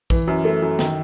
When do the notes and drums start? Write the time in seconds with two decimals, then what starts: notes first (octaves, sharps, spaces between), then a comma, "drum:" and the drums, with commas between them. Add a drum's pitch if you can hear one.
0.10 E3, drum: kick, tambourine
0.28 F#2
0.45 A3
0.62 F#2
0.79 D#3, drum: snare